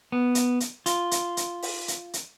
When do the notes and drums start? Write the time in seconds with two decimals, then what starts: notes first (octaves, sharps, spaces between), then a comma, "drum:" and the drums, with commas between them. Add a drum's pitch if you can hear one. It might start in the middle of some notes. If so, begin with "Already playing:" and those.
0.12 B3
0.35 drum: hi-hat
0.60 drum: hi-hat
0.86 F4, drum: hi-hat
1.11 drum: hi-hat
1.37 drum: hi-hat
1.62 drum: open hi-hat
1.88 drum: hi-hat
2.13 drum: hi-hat